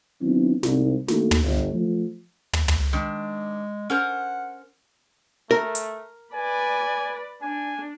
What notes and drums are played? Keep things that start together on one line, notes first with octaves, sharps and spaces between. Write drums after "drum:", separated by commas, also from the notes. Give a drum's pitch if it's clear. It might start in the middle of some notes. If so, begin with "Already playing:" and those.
D#3 F#3 B3 C4 D4 E4
C2 G#2, drum: snare
D#3 A3 A#3 D4 F#4, drum: snare
drum: tom
G1
F3 A3
drum: tom
drum: tom
D#3 G#3 D4
C#4 A#4 C5 F#5
A3 A#4
drum: hi-hat
B4 D5 G#5
D4 G#5